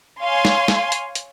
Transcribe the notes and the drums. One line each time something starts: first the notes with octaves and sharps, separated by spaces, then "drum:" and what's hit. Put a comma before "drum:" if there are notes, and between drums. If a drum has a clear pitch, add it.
C#5 F5 G#5 C6
drum: snare
drum: snare
drum: hi-hat
drum: hi-hat